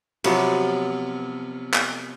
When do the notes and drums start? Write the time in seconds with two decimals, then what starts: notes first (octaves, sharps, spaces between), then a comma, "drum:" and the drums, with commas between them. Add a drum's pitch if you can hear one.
0.24 C3 F3 F#3 B3, drum: cymbal
1.74 drum: clap